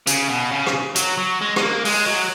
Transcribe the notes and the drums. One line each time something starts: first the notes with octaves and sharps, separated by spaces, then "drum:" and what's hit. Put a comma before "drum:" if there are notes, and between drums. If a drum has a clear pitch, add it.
C#3, drum: hi-hat
B2
C#3
drum: rim click
F#3, drum: hi-hat
F#3
G#3
G#3, drum: rim click
A#3
G#3, drum: open hi-hat
F#3